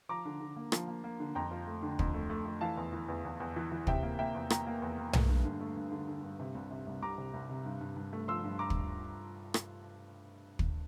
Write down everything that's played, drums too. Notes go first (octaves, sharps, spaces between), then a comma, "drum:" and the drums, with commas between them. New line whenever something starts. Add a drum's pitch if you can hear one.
F3 A#5 D6
D3
D3
A#3
F3, drum: rim click
A#3
A#3
D3
F2 G5 A#5
F3
A3
D3
F2, drum: kick
A3
A3
A3
E3 F5 A5
E2
E3
E2
E2
E2
E3
E3
C3 E5 G5, drum: kick
A#3
A#3 E5 G5
E2
A#3 G5 A#5, drum: rim click
A#3
E2
A#3
A3, drum: tom B1
G2
D3
A3
G2
D3
D3
G2
C3
C2
C3
C2
C2 A#5 D6
C3
C2
C3
G2
G2
G2
A3
F3 C6 E6
G2
A#5 D6
drum: kick
drum: rim click
drum: kick